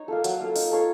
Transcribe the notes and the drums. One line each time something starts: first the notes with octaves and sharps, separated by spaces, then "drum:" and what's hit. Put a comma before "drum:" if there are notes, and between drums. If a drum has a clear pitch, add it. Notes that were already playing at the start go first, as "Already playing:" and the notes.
Already playing: D#4 C#5
A#3 F4 A4
F#3, drum: hi-hat
A#3 F4 A4
D#4, drum: open hi-hat
A4 C#5 F5